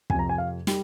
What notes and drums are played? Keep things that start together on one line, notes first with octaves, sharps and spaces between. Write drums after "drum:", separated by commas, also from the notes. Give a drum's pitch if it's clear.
F2 C3 F3 G#5, drum: kick
A#5
G#5
F5
G3, drum: snare